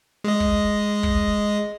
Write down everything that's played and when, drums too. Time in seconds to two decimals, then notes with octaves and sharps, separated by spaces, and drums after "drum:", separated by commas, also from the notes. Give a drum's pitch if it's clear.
0.24 G#3 D#5
0.40 drum: kick
1.03 drum: kick